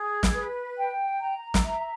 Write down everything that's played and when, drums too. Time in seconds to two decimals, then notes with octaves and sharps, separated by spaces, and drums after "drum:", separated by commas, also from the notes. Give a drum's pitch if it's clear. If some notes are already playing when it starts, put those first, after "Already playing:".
Already playing: G#4
0.23 drum: snare
0.34 B4
0.77 G5
1.20 A#5
1.54 drum: snare
1.63 E5